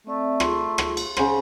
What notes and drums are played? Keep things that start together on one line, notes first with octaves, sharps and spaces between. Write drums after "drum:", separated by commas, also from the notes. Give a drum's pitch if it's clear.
A3 C4 D5 E5
F4 G#4 C6, drum: rim click
drum: rim click
drum: cymbal
C#3 C5 F#5, drum: rim click